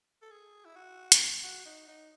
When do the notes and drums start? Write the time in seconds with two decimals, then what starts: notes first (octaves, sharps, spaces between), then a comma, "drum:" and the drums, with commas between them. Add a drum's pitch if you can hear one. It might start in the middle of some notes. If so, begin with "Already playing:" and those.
0.22 A4
0.31 G#4
0.65 E4
0.76 F#4
1.12 drum: hi-hat
1.43 F#4
1.66 D#4
1.88 D#4